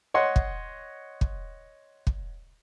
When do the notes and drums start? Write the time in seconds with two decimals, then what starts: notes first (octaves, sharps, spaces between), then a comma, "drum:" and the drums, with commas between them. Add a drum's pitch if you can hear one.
0.14 C#5 D#5 F#5 C6
0.36 drum: kick
1.21 drum: kick
2.07 drum: kick